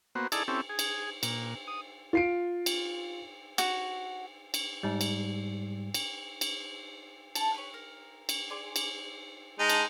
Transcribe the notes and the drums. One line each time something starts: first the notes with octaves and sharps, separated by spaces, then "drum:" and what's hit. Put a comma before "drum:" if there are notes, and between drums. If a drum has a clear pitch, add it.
A#3 B3 F#4 C5
D#4 E4 G#4 A4 D5 A5, drum: cymbal
C4 C#4 E4 G4 A4
G#4
drum: cymbal
A#2, drum: cymbal
D#6
F4 C7 D7
drum: cymbal
F#4, drum: cymbal
drum: cymbal
G#2 G3
drum: cymbal
drum: cymbal
drum: cymbal
A5, drum: cymbal
B4 C#5
A#4
drum: cymbal
G#4 D5 C6
drum: cymbal
G#3 D#4 G#5 A5
drum: cymbal